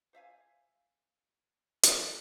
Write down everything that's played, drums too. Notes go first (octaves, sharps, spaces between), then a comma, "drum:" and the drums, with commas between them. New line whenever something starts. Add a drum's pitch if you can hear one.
C5 E5 F5 G#5
drum: hi-hat